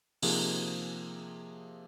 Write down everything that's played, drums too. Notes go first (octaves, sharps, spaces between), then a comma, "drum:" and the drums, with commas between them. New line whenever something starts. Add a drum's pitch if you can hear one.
C3 F3 A#3 D#4 G#4, drum: open hi-hat